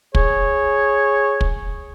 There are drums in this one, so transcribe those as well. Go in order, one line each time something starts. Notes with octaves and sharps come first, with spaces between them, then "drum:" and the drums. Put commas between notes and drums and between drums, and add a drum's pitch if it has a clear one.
G#4 C#5, drum: kick
drum: kick